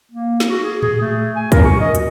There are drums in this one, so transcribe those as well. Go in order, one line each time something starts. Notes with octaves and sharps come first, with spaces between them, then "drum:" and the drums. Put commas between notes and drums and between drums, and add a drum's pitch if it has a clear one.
A#3
drum: snare
F#4
G#4
G#4, drum: tom A2
A3
G#5
A#4, drum: kick, hi-hat
C#6
D#5
F#4, drum: hi-hat